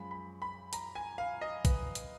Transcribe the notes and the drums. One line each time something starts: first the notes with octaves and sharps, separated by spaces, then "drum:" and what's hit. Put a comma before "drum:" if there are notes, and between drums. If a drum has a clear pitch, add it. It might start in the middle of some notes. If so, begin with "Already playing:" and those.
Already playing: F#2 F3 G#3 B5
B5
B5
A#5, drum: hi-hat
G#5
F5
D#5
B4, drum: kick A#1, hi-hat
drum: hi-hat